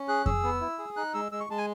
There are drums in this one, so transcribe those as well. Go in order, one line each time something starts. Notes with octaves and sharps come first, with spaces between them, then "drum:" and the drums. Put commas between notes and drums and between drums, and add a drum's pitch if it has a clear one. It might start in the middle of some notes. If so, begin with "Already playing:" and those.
Already playing: C#4
G#4 F#6
G#4 E6, drum: kick F2
B3
E4
G#4
D#4 F#6
G#3 E6
G#3 E6
C#6
G#3 A5
G#5